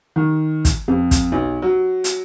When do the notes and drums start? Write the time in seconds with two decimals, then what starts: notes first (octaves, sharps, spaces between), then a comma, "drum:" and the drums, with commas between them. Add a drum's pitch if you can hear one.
0.16 D#3
0.65 drum: kick, hi-hat
0.88 F2
1.11 drum: kick, hi-hat
1.32 B1
1.62 F#3
2.04 drum: hi-hat